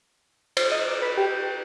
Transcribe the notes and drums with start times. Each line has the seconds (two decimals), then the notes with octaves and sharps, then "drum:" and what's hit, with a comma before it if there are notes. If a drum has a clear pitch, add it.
0.57 C5, drum: cymbal
0.72 D#5
0.88 D5
1.02 B4
1.17 G4